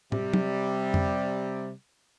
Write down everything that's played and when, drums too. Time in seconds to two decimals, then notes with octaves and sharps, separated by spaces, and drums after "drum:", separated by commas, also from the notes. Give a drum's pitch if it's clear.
0.12 C3 G3, drum: tom
0.34 drum: tom
0.94 drum: tom F2